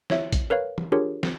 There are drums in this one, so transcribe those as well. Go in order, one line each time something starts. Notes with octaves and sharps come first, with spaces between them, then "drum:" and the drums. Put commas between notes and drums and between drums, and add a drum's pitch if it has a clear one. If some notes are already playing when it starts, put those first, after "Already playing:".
E4 C#5 E5, drum: snare
drum: kick, hi-hat
A#4 B4 C#5 F5
drum: tom
D4 F4 G4 G#4 A#4 C#5
drum: snare